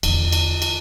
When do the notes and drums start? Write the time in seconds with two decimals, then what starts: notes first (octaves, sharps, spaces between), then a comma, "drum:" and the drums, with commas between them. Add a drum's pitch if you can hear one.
0.03 E2 D3, drum: cymbal
0.32 drum: cymbal
0.62 drum: cymbal